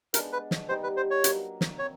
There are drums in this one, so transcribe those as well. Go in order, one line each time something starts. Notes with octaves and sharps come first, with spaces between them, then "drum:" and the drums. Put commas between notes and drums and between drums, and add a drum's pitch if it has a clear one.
G#3 B3 D4 A#4, drum: hi-hat
B4
drum: snare
G3 B3 D#4 G4 C5
B4
C5
C#5
F#3 A#3 D4, drum: hi-hat
drum: snare
C4 C#5